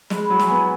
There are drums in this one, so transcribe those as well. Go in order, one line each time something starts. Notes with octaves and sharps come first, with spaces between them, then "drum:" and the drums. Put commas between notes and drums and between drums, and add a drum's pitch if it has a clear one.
G#3 B5, drum: snare
F#3
G#5, drum: snare
B3